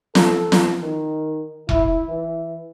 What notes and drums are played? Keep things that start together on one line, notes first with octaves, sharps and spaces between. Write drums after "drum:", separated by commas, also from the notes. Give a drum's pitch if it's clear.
A4, drum: snare
drum: snare
D#3
E4, drum: kick E1
E3